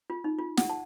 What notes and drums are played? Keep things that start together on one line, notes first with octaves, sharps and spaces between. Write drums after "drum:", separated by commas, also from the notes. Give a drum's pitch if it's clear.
F4
D#4
F4
F#5, drum: snare
A5